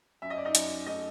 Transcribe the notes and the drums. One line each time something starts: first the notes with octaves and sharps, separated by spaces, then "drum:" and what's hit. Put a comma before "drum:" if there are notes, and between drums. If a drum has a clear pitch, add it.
F#2 E5
D#5
D5
D#4 D#5
F#2, drum: hi-hat
A3 D#4 D#5